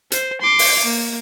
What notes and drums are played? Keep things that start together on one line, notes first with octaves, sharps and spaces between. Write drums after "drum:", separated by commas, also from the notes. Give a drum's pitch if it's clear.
C5, drum: hi-hat
C6 D6
drum: open hi-hat
A#3